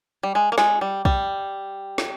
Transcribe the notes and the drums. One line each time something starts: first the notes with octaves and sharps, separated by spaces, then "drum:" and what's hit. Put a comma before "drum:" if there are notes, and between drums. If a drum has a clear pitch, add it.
G3
G#3
A#3
G#3, drum: snare
G3
G3, drum: kick
drum: snare